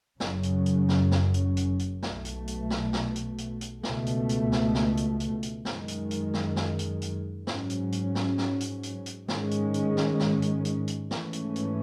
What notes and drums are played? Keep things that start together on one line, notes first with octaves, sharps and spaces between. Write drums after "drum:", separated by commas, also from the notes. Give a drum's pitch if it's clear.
F#1 F#2 C#3 F#3 C#4, drum: snare
drum: hi-hat
drum: hi-hat
drum: snare
drum: snare
drum: hi-hat
drum: hi-hat
drum: hi-hat
B1 B2 A3, drum: snare
drum: hi-hat
drum: hi-hat
drum: snare
drum: snare
drum: hi-hat
drum: hi-hat
drum: hi-hat
C#2 B2 A3, drum: snare
drum: hi-hat
drum: hi-hat
drum: snare
drum: snare
drum: hi-hat
drum: hi-hat
drum: hi-hat
F#2 D#3 G#3, drum: snare
drum: hi-hat
drum: hi-hat
drum: snare
drum: snare
drum: hi-hat
drum: hi-hat
G#2 F#3 C#4, drum: snare
drum: hi-hat
drum: hi-hat
drum: snare
drum: snare
drum: hi-hat
drum: hi-hat
drum: hi-hat
G#2 D#3 G#3 C#4, drum: snare
drum: hi-hat
drum: hi-hat
drum: snare
drum: snare
drum: hi-hat
drum: hi-hat
drum: hi-hat
G#2 E3 A3 C#4, drum: snare
drum: hi-hat
drum: hi-hat